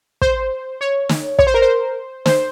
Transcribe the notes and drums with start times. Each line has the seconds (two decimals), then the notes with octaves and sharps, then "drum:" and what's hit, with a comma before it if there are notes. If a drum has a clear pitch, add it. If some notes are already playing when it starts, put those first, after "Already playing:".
0.22 C5, drum: kick
0.81 C#5
1.09 drum: snare
1.39 C#5, drum: kick
1.47 C5
1.54 A#4
1.62 C5
2.26 C5, drum: snare